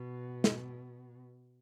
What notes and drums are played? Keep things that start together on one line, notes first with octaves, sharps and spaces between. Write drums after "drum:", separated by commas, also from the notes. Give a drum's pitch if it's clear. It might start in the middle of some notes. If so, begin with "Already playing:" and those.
Already playing: B2
drum: snare